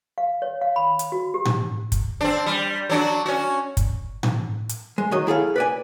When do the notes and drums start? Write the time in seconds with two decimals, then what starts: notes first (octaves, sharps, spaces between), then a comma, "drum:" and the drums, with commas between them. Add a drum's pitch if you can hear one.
0.18 F5
0.42 C#5
0.61 F5
0.76 B5
0.99 drum: hi-hat
1.12 F#4
1.34 G4
1.45 drum: tom A2
1.92 drum: kick, hi-hat
2.21 C4 D4
2.46 G3
2.90 F#3 D4 F#4
3.26 C#4 F#4
3.77 drum: kick, hi-hat
4.23 drum: tom A2
4.69 drum: hi-hat
4.98 G#3
5.11 D#3 F#3 D#5
5.27 E4 G#4 A4 F5
5.56 B4 D5 G#5